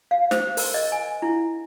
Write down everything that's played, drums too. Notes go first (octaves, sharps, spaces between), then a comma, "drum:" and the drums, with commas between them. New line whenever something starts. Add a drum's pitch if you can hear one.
F5
C5, drum: snare
A#4, drum: open hi-hat
D#5
G#5
E4